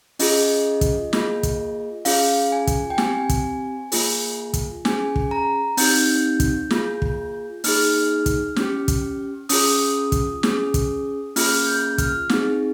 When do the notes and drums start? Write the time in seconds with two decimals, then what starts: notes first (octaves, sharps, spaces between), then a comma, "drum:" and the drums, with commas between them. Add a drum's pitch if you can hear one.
0.19 C#4 F4 G#4 D#5, drum: open hi-hat
0.81 drum: kick, hi-hat
1.13 A#3 F4 G#4, drum: snare
1.43 drum: kick, hi-hat
2.05 C#4 F4 G#4 F5, drum: open hi-hat
2.52 G#5
2.67 drum: kick, hi-hat
2.90 G5
2.98 C4 G4 G#5, drum: snare
3.29 drum: kick, hi-hat
3.92 A#3 F4 G#4, drum: open hi-hat
4.54 drum: kick, hi-hat
4.85 C#4 G#4 G#5, drum: snare
5.16 drum: kick
5.31 A#5
5.77 C4 D#4 G4 G6, drum: open hi-hat
6.40 drum: kick, hi-hat
6.70 A#3 F4 G#4, drum: snare
7.02 drum: kick
7.64 A#3 D#4 G#4 F6, drum: open hi-hat
8.26 drum: kick, hi-hat
8.56 C#4 G4, drum: snare
8.88 drum: kick, hi-hat
9.49 C#4 F4 G#4 D#6, drum: open hi-hat
10.12 drum: kick, hi-hat
10.43 C#4 G#4, drum: snare
10.74 drum: kick, hi-hat
11.36 A#3 C#4 F4 G#4 F6, drum: open hi-hat
11.66 G6
11.98 F6, drum: kick, hi-hat
12.29 C4 D#4 G#4, drum: snare